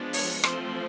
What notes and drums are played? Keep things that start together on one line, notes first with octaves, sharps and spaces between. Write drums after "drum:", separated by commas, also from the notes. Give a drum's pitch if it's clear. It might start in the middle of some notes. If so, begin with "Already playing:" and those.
Already playing: F3 G#3 B3 D4
C#5, drum: open hi-hat
F3 A3 C4 C5, drum: rim click